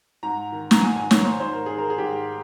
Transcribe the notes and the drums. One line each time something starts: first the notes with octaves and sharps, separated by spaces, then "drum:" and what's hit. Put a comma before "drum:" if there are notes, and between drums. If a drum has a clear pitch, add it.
G#2 A#5
D#3
A#5, drum: snare
G#2 G#5
G#5
D#3 C#5, drum: snare
C5
G#2 C5
A#4
D#3 G#4
A#4
G#4
G#2 G4